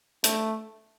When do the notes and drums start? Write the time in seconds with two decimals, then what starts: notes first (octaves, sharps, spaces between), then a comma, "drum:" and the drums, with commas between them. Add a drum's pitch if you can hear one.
0.24 A3, drum: hi-hat